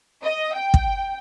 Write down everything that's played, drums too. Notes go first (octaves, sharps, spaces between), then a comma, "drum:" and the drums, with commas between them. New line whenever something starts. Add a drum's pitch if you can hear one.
D#5
G5
drum: kick